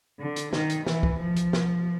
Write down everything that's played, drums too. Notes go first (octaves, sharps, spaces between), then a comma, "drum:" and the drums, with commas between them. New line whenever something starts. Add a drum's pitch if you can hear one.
D3
drum: hi-hat
D#3, drum: snare
drum: hi-hat
E3, drum: snare
drum: kick
F3
drum: hi-hat
drum: snare